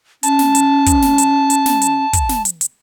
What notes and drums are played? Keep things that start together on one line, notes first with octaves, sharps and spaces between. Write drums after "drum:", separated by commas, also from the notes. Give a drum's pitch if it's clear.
C#4 A5, drum: hi-hat
drum: snare
drum: hi-hat
drum: kick, hi-hat
drum: snare
drum: hi-hat
drum: hi-hat
drum: snare
drum: hi-hat
drum: kick, hi-hat
drum: snare
drum: hi-hat
drum: hi-hat